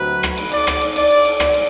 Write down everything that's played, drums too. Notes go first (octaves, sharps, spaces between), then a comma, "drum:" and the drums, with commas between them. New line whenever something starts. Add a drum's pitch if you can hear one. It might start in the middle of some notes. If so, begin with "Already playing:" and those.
Already playing: D2 C3 F#3 B4
drum: rim click
drum: cymbal
D5, drum: cymbal
drum: rim click
drum: cymbal
D5, drum: cymbal
drum: cymbal
drum: cymbal
drum: rim click
drum: cymbal